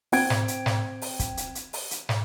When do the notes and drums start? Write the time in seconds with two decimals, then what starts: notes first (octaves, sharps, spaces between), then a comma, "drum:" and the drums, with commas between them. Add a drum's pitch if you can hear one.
0.12 C4 G5 G#6 D7, drum: open hi-hat
0.30 drum: snare
0.48 drum: hi-hat
0.66 drum: snare
1.02 drum: open hi-hat
1.19 drum: kick, hi-hat
1.37 drum: hi-hat
1.55 drum: hi-hat
1.73 drum: open hi-hat
1.91 drum: hi-hat
2.09 drum: snare